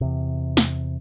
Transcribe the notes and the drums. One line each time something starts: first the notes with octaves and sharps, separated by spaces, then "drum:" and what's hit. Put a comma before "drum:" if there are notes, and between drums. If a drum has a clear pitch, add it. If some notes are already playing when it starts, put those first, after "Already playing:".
E2 C3
drum: snare